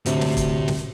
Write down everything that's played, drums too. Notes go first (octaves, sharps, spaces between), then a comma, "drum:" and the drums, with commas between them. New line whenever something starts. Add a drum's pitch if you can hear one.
D2 A2 C3, drum: hi-hat
drum: snare
drum: kick, hi-hat
drum: snare